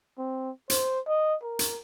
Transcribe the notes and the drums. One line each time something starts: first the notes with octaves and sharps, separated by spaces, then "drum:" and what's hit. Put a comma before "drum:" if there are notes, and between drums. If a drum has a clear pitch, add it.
C4
C5, drum: hi-hat
D#5
A#4
drum: hi-hat